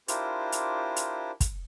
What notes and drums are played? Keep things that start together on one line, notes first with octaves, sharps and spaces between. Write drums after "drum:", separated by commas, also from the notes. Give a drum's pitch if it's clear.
D4 E4 F4 G4 A#4 C5, drum: hi-hat
drum: hi-hat
drum: hi-hat
drum: kick, hi-hat